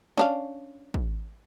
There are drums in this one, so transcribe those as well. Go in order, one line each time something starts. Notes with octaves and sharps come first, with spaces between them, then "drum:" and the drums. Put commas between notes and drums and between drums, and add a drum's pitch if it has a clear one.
C#4 D4 F5, drum: snare
drum: kick